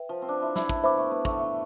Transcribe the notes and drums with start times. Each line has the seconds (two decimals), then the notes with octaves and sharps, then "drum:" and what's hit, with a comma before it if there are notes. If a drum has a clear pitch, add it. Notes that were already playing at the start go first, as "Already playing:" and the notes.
Already playing: B4 E5 G5
0.09 F3
0.22 C4
0.29 D4
0.42 E4
0.56 E4, drum: snare
0.69 D4, drum: kick
0.84 B3 C5 E5 B5 D6
0.98 A3
1.11 B3
1.25 A3, drum: kick
1.39 A3